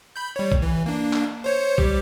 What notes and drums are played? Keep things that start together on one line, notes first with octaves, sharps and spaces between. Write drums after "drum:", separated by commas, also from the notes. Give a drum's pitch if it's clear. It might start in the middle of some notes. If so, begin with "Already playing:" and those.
B5 G6
G3 C#5
drum: kick A#1
E3
A#3 D4
drum: clap
C5 C#5 C#7
G3 G4, drum: kick A#1